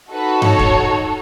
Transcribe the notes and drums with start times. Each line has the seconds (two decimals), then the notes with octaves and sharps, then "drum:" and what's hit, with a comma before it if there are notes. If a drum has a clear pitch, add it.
0.11 D#4 F#4 A4 B4
0.42 C#5, drum: tom G2
0.59 drum: kick